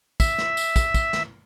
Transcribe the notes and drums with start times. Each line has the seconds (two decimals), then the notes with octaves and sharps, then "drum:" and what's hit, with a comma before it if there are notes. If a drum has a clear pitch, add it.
0.20 E5, drum: kick, tambourine
0.38 drum: snare
0.57 drum: tambourine
0.76 drum: kick, tambourine
0.94 drum: kick, tambourine
1.13 drum: snare